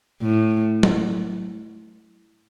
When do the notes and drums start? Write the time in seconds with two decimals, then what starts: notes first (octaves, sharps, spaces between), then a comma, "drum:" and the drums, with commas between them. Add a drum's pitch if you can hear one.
0.21 A2
0.83 drum: tom F#3